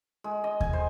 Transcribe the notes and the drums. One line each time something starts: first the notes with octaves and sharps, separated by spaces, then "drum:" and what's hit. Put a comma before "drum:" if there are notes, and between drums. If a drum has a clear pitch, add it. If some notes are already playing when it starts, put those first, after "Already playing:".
G#3
D#5
G#5, drum: kick D#2
C5